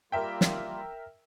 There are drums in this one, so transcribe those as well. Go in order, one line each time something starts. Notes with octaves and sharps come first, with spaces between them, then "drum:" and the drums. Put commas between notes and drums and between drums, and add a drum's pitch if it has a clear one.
G3 A#3 F4 A#4 E5 G5
drum: snare